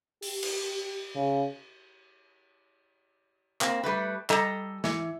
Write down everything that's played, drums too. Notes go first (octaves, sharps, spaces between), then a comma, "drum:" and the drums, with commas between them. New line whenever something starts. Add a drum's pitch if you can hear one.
G4, drum: open hi-hat
drum: cymbal
C#3
A#3 C4, drum: clap
G3 A3 B4
G3 A4 D#5 A#5, drum: clap
E3, drum: snare